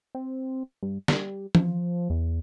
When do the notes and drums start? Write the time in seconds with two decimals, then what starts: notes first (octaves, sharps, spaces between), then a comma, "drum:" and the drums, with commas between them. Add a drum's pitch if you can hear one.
0.15 C4
0.83 G2
1.08 G3, drum: snare
1.55 F3, drum: tom E3
2.10 E2